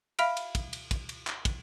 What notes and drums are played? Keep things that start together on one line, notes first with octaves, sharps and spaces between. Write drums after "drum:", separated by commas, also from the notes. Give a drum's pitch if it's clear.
E5 F5 B5 F6 D7, drum: cymbal
drum: cymbal
drum: kick, cymbal
drum: cymbal
drum: kick, cymbal
drum: cymbal
drum: clap
drum: kick, cymbal